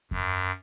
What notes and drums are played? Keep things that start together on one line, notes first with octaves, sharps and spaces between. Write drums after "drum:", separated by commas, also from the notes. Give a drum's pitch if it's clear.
F#2, drum: kick E2